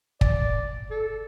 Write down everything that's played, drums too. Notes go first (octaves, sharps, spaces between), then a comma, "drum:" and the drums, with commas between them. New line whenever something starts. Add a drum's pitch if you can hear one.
D5, drum: kick
A4